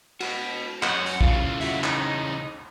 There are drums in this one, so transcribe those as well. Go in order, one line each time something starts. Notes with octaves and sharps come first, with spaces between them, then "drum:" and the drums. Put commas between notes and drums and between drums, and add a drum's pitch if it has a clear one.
F#4 B4, drum: cymbal
F#3 C#4 F#5, drum: clap
drum: hi-hat
C#3 E3 F4, drum: kick
E4 F#4, drum: hi-hat
D#4, drum: clap